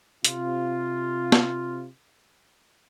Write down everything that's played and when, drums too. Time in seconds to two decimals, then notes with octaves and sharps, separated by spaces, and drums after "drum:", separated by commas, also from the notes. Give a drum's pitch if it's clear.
0.25 C3 F4, drum: hi-hat
1.32 drum: snare